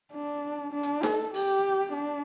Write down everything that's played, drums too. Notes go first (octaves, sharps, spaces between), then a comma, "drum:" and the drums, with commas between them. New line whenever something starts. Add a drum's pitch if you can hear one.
D4
D4
drum: hi-hat
A4, drum: snare D#4
G4, drum: open hi-hat
D4